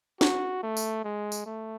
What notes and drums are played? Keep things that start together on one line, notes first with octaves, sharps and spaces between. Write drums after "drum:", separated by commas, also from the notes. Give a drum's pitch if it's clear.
F#4, drum: snare
A3
drum: tambourine
G#3
drum: tambourine
A3